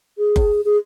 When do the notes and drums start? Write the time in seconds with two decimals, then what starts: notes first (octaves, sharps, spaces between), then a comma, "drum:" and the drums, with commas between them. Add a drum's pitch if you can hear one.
0.18 G#4
0.36 drum: kick F#1
0.65 G#4